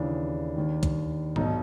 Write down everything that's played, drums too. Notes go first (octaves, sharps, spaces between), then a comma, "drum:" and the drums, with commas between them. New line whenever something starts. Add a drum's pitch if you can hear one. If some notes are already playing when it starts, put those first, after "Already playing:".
Already playing: D#2 C#3 E3 D4
D#2 D#3
drum: kick, hi-hat
B1 B2 D#4, drum: tom G#2